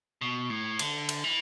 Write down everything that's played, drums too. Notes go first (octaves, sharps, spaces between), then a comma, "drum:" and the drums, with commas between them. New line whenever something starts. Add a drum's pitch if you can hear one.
B2
A2
D3, drum: cymbal
drum: cymbal
E3